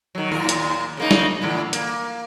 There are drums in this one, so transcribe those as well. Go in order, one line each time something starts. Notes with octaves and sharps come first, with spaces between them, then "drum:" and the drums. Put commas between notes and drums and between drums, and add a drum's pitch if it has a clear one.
D#3 F#3
D#2 A#2 A#4
drum: hi-hat
C#3 A#3 D#4
drum: snare
A2 D3 E3
A#3, drum: hi-hat